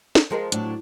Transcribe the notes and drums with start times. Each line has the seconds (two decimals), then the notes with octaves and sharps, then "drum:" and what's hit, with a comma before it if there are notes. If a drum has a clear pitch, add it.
0.15 drum: snare
0.30 F3 G#3 A#4
0.52 A2 F#3 D4, drum: hi-hat